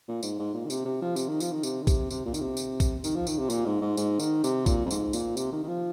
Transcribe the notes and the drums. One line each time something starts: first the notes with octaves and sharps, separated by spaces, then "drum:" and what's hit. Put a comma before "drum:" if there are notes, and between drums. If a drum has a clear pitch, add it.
A#2
G#2, drum: tambourine
G#2
A#2
D#3
C3, drum: tambourine
C3
F3
C3, drum: tambourine
D#3
F3, drum: tambourine
D#3
C3, drum: tambourine
D#3
C3, drum: kick A#1, tambourine
C3, drum: tambourine
A#2
D#3, drum: tambourine
C3
drum: tambourine
drum: kick A#1, tambourine
D#3, drum: tambourine
F3
D#3, drum: tambourine
C3
A#2, drum: tambourine
G#2
G#2
G#2, drum: tambourine
D#3, drum: tambourine
C3, drum: tambourine
A#2, drum: kick A#1, tambourine
F2
G#2, drum: tambourine
A#2, drum: tambourine
C3, drum: tambourine
D#3
D#3
F3